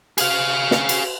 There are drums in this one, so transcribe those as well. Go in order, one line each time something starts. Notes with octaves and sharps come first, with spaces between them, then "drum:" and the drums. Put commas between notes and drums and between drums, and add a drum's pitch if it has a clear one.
G#4 F5, drum: cymbal
drum: snare
drum: cymbal